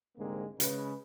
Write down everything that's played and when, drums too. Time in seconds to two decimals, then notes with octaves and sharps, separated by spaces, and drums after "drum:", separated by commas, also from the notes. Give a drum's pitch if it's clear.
0.18 C2 G#2 D3 G#3 A#3 C4
0.60 C#3 G#3 B4, drum: hi-hat